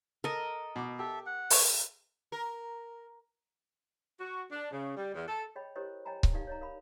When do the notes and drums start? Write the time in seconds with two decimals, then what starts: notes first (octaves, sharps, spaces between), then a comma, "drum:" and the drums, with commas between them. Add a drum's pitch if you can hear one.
0.24 A4 A#4 D#5
0.76 B2 D6
0.99 G4 A4 E5
1.26 F#5
1.50 C#5, drum: open hi-hat
2.32 A#4
4.21 F#4
4.52 D4
4.71 C#3
4.96 G3
5.15 E2
5.28 A4
5.56 G#4 C#5 D#5 G5 B5
5.76 E4 G4 A#4 C5 C#5 D#5
6.05 C#5 D#5 G5 G#5 A#5 B5
6.23 drum: kick C#1
6.33 D#4 G4 A#4 D5 F5
6.47 C#5 D#5 A#5
6.61 A#4 F5 B5